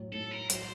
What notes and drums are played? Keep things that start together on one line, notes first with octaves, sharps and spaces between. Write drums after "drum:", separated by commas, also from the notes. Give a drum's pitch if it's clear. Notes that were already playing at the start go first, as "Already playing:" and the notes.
Already playing: A2 F#3
A2 A4
A#4
F#3 C5, drum: hi-hat